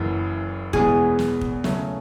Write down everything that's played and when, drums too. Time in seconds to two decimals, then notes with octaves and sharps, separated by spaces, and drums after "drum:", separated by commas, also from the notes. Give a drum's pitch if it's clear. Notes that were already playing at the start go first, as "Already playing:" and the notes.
Already playing: F#1 F#2 E3
0.73 E2 B2 G#3 G#4, drum: kick
1.19 drum: snare
1.41 drum: kick
1.64 C#3 F#3 A3 C#4, drum: snare